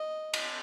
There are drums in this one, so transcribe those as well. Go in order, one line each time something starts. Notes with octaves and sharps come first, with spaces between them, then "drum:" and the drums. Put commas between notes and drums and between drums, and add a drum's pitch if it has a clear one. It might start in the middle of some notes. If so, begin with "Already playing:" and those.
Already playing: D#5
drum: cymbal